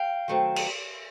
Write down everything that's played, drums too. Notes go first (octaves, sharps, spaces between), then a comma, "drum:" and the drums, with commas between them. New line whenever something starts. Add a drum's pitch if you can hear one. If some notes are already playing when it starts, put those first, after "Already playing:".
Already playing: F5 G5
D#3 F#3 A3 C4
drum: cymbal